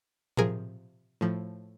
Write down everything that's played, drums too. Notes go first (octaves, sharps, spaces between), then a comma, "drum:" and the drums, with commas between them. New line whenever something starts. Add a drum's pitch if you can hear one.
C3 F3 G#4 A#4, drum: tom A2
A2 F3